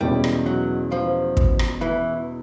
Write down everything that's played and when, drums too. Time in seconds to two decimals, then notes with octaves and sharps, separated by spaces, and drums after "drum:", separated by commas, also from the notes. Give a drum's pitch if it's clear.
0.01 E2 B2 G3 G#3 C#4 E4
0.24 drum: rim click
0.46 F#3
0.92 F3
1.37 drum: kick
1.59 drum: rim click
1.81 E3